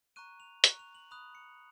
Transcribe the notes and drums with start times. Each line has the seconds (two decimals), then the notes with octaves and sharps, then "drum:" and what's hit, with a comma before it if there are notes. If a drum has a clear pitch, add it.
0.16 A#5 C#6 F#6 D#7
0.40 F7
0.64 A#5 C#6 F#6, drum: hi-hat
0.79 F7
0.95 F#7
1.11 B5 D#6 F#6 F7
1.35 C#7